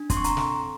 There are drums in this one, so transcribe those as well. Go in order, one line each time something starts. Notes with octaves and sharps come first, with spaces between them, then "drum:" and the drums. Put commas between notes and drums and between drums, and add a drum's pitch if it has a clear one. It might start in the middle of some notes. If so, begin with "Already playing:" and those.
Already playing: D4
C4 C6, drum: kick, hi-hat
C#6
A#5 C6, drum: hi-hat
A4, drum: snare